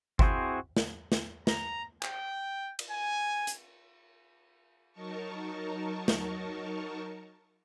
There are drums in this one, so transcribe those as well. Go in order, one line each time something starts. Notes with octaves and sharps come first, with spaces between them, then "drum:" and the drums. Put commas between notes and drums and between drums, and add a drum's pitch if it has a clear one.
C4 E4 F#4 G#4 C5, drum: kick G1
drum: snare
drum: snare
A#5, drum: snare
G5, drum: clap
drum: cymbal
G#5
drum: hi-hat
F#3 D#4 A#4 A5 C#6
drum: snare